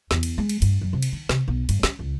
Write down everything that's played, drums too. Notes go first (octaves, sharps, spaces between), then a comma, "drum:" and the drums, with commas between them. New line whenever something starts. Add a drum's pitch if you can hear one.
E2, drum: snare
drum: cymbal
G#3
drum: cymbal
G2, drum: cymbal
F#2
C3
drum: cymbal
D#3
C3, drum: snare
B1
G2, drum: cymbal
C#4, drum: snare
C#2